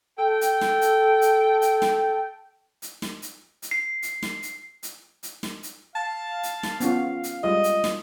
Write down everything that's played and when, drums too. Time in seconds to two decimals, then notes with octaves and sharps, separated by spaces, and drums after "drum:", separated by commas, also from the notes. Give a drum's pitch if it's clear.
0.18 A4 G5
0.41 drum: hi-hat
0.61 drum: snare
0.81 drum: hi-hat
1.22 drum: hi-hat
1.62 drum: hi-hat
1.82 drum: snare
2.82 drum: hi-hat
3.02 drum: snare
3.22 drum: hi-hat
3.62 drum: hi-hat
3.71 C7
4.02 drum: hi-hat
4.23 drum: snare
4.43 drum: hi-hat
4.83 drum: hi-hat
5.23 drum: hi-hat
5.43 drum: snare
5.63 drum: hi-hat
5.96 F5 A5
6.43 drum: hi-hat
6.63 drum: snare
6.80 B3 C#4 F4, drum: hi-hat
7.24 drum: hi-hat
7.44 G3 G#3 F4 D#5
7.64 drum: hi-hat
7.84 drum: snare